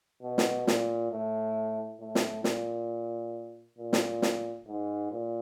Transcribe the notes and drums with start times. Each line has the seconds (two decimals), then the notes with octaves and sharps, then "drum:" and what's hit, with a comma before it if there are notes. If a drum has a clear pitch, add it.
0.23 B2
0.38 drum: snare
0.67 A#2, drum: snare
1.11 A2
2.00 A2
2.15 drum: snare
2.44 A#2, drum: snare
3.78 A#2
3.93 drum: snare
4.22 drum: snare
4.67 G#2
5.11 A#2